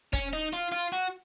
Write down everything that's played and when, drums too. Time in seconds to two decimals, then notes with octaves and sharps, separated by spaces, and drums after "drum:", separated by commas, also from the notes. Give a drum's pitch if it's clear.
0.13 C#4, drum: kick
0.33 D#4
0.53 F4, drum: hi-hat
0.72 F4
0.92 F#4